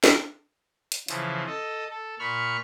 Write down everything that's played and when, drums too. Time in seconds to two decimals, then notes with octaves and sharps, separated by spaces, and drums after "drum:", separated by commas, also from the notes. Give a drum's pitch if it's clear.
0.04 drum: snare
0.92 drum: hi-hat
1.08 C#3 E3 F3, drum: hi-hat
1.47 A4 D#5
1.91 A4
2.19 A#2 B5 C#6 F6